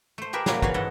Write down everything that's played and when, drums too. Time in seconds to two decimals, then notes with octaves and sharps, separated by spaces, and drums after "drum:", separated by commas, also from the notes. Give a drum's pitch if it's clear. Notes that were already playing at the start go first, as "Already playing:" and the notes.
0.18 A3 C5
0.33 G4 G#4 A#4 B4 E5
0.46 A#2 F3 F#3 A#3 E4 G#4, drum: snare
0.62 E3 F#4 B4 C#5 F5 G#5, drum: kick
0.74 G#2 B3 E4 A4 D#5